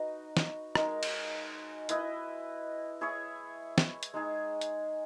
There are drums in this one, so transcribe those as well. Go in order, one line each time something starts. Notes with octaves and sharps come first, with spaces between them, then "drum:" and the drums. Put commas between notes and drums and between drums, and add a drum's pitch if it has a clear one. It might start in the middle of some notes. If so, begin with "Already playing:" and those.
Already playing: D#4 F#4 B4
drum: snare
G#3 D#4 A#4, drum: rim click
drum: cymbal
E4 B4 D#5, drum: hi-hat
E4 G#4 C#5
drum: snare
drum: hi-hat
G#3 D#4 G#4
drum: hi-hat